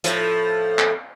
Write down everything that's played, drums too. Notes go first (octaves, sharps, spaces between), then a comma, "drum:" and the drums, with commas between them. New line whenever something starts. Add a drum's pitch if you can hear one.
A2 F3, drum: hi-hat
drum: clap